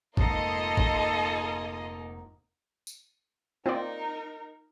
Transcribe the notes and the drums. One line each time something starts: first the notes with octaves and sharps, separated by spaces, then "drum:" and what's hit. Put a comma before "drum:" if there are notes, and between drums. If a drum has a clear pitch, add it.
F1 G#2 A#3 D#4 F4 A4 D#5 C7, drum: kick
drum: kick
drum: tambourine
C4 D#4 F4 A#4 D5